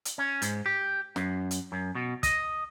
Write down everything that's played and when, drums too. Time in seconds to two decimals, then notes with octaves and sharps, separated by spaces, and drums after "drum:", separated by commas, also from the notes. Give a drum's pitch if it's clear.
0.05 drum: hi-hat
0.18 C#4
0.42 G#2, drum: hi-hat
0.66 G4
1.16 F#2, drum: snare
1.51 drum: hi-hat
1.72 F#2
1.95 B2
2.23 D#5, drum: kick, hi-hat